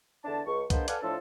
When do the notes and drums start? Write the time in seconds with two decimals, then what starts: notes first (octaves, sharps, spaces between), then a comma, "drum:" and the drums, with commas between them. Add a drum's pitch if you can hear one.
0.24 E2 D3 D4 A5
0.46 C#2 C#6
0.70 G#3 A#3 B3 D4 C5, drum: kick C2, hi-hat
0.88 A4 B4 D5 F5 F#5 G#5, drum: hi-hat
1.02 A2 F3 D4 F4 A4